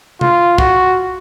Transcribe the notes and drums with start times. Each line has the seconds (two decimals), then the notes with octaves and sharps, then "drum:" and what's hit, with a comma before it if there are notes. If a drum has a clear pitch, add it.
0.21 F4, drum: tom C3
0.58 F#4, drum: kick